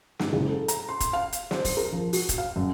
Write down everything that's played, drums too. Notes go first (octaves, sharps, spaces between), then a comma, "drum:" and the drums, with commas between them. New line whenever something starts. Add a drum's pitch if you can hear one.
G#2, drum: snare
F#1
A4
A#5, drum: hi-hat
C6
drum: kick, hi-hat
F5
drum: hi-hat
C5, drum: snare
drum: kick, open hi-hat
A#4
F3
F#4, drum: open hi-hat
drum: kick, hi-hat
F5
F#2